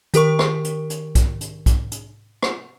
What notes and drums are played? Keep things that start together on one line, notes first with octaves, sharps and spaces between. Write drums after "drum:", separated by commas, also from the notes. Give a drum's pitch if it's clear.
D#3 G4 A#4 C#6, drum: hi-hat
drum: rim click
drum: hi-hat
drum: hi-hat
drum: kick, hi-hat
drum: hi-hat
drum: kick, hi-hat
drum: hi-hat
drum: rim click